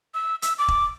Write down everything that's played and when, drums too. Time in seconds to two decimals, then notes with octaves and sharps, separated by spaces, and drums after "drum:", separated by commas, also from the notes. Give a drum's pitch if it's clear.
0.14 E6
0.42 E6, drum: hi-hat
0.59 D6
0.68 drum: kick E1